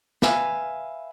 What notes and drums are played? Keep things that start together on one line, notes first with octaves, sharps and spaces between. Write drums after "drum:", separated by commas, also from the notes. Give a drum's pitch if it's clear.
B4 E5 F5 G#5, drum: snare